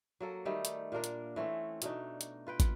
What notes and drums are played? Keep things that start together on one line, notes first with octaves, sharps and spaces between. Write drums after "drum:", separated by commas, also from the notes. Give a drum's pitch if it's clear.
F#3 A#3 A4
D#3 G3 A3 D#4
drum: hi-hat
A#2 A#3 D4 A#4
drum: hi-hat
E3 A3 C4 C#4
B2 A3 D4 D#4, drum: hi-hat
drum: hi-hat
F4 B4 G5
drum: kick, hi-hat